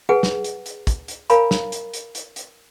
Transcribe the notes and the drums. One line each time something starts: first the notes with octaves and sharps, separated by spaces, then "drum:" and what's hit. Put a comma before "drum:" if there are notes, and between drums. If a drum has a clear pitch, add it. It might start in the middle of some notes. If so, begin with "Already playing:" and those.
G#4 B4 F#5 G#5
drum: snare
drum: hi-hat
drum: hi-hat
drum: kick, hi-hat
drum: hi-hat
A#4 C#5 F5 G#5 A#5 B5, drum: hi-hat
drum: snare
drum: hi-hat
drum: hi-hat
drum: hi-hat
drum: hi-hat